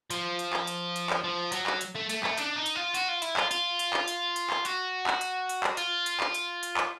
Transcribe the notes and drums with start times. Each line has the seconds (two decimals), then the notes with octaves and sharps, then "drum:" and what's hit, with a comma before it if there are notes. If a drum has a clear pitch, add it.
0.11 F3, drum: hi-hat
0.39 drum: hi-hat
0.53 drum: clap
0.67 drum: hi-hat
0.96 drum: hi-hat
1.10 drum: clap
1.24 F3
1.52 F#3, drum: hi-hat
1.67 drum: clap
1.81 drum: hi-hat
1.95 A3
2.09 A3, drum: hi-hat
2.24 A3, drum: clap
2.38 D4, drum: hi-hat
2.56 D#4
2.66 drum: hi-hat
2.76 F4
2.95 F#4, drum: hi-hat
3.09 F4
3.22 E4, drum: hi-hat
3.37 F4, drum: clap
3.51 F4, drum: hi-hat
3.79 drum: hi-hat
3.93 drum: clap
4.08 drum: hi-hat
4.36 drum: hi-hat
4.50 drum: clap
4.65 F#4, drum: hi-hat
5.07 drum: clap
5.21 drum: hi-hat
5.49 drum: hi-hat
5.64 drum: clap
5.77 F4, drum: hi-hat
6.06 drum: hi-hat
6.20 drum: clap
6.34 drum: hi-hat
6.63 drum: hi-hat
6.77 drum: clap